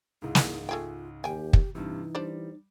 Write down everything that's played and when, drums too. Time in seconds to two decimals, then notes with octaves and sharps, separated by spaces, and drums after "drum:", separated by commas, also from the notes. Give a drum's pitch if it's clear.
0.22 C#2 G#2 E4
0.35 drum: snare
0.69 A3 F4 G#4 G5
1.24 D#2 G4 G5 G#5
1.53 drum: kick
1.75 G2 C3 E3 D#4
2.15 G3 D4 C5 D5